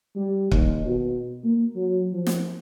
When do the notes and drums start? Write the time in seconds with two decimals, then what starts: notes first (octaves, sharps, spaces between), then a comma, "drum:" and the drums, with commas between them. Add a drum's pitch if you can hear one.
0.16 G3
0.51 D#2, drum: kick
0.86 B2
1.44 A#3
1.76 F#3
2.13 F3
2.27 drum: snare